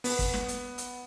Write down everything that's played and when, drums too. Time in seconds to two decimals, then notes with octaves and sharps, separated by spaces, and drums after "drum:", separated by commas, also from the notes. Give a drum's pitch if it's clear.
0.04 B3, drum: open hi-hat
0.19 drum: kick, hi-hat
0.34 drum: snare
0.48 drum: hi-hat
0.78 drum: hi-hat